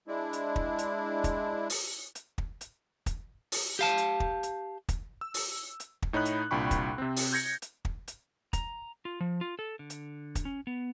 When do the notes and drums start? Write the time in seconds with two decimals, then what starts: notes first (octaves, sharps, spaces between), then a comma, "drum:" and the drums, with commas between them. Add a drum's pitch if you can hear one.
0.07 G#3 D4 E4
0.33 drum: hi-hat
0.56 drum: kick
0.78 drum: hi-hat
1.24 drum: kick, hi-hat
1.70 drum: open hi-hat
2.15 drum: hi-hat
2.38 drum: kick
2.61 drum: hi-hat
3.06 drum: kick, hi-hat
3.52 drum: open hi-hat
3.79 G4 F5 A5
3.97 drum: hi-hat
4.20 drum: kick
4.43 drum: hi-hat
4.89 drum: kick, hi-hat
5.21 E6
5.34 drum: open hi-hat
5.80 drum: hi-hat
6.02 drum: kick
6.13 A2 D#4 C#5 B5 F#6
6.25 drum: hi-hat
6.51 C2 A#2 D4 G5 B5 C#6
6.71 drum: kick, hi-hat
6.98 C3 C4
7.16 drum: open hi-hat
7.33 G6 G#6 A#6 C#7
7.62 drum: hi-hat
7.85 drum: kick
8.08 drum: hi-hat
8.53 A#5, drum: kick, hi-hat
9.05 F4
9.20 F3
9.41 F4
9.59 A4
9.79 D3
9.90 drum: hi-hat
10.35 drum: kick, hi-hat
10.45 C#4
10.67 B3